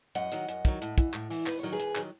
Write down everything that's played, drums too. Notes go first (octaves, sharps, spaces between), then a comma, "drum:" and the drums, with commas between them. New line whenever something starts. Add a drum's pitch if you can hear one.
F#2 D#5 F#5, drum: hi-hat
D#3 F#3, drum: hi-hat
F#2, drum: hi-hat
D#3 F#3, drum: kick, hi-hat
A2, drum: hi-hat
E3, drum: kick, hi-hat
A2, drum: clap
E3, drum: open hi-hat
D#2 B4, drum: clap
D#3 F#3 C#5
G#4 B4
D#2, drum: hi-hat
D#3 F#3, drum: clap